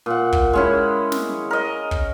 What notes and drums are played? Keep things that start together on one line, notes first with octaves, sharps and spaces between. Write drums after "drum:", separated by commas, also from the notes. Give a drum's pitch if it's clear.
A#2 F#5
drum: kick
G#3 C#4 E4
drum: snare
A#4 D#5
drum: kick